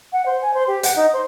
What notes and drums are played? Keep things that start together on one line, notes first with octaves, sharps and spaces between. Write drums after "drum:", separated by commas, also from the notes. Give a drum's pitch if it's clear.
F#5
C5
G#5
C5
G4
F#5, drum: hi-hat
D#4
C5